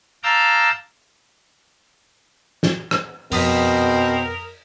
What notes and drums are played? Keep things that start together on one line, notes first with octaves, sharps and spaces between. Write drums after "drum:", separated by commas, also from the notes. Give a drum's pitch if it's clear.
F5 A5 A#5 D6 E6 G6
drum: snare
drum: rim click
F2 B2 C4 A#4 D#6 B6, drum: open hi-hat